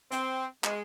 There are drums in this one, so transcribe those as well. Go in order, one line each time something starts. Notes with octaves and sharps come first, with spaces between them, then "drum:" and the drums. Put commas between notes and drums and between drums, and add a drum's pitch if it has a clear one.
C4, drum: hi-hat
G#3, drum: clap